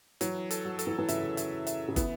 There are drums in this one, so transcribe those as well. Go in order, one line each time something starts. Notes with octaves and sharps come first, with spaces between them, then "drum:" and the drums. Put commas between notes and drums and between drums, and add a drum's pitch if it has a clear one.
E3 F#3, drum: hi-hat
A4, drum: hi-hat
F#3
A4, drum: hi-hat
E3
E3
C#3 E5, drum: hi-hat
E5, drum: hi-hat
E5, drum: hi-hat
C#3
E3 B3, drum: kick, hi-hat